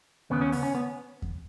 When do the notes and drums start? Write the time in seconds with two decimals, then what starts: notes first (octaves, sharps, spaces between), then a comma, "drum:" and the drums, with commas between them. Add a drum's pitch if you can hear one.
0.30 D#2 C#3 B3
0.41 C#4
0.52 B3, drum: open hi-hat
0.63 C#4
0.75 B3
1.22 drum: kick E2